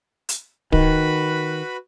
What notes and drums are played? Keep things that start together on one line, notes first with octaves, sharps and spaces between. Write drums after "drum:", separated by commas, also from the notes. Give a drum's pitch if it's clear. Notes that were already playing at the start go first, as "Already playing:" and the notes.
drum: hi-hat
D#3 F#4 B4 B5, drum: kick D1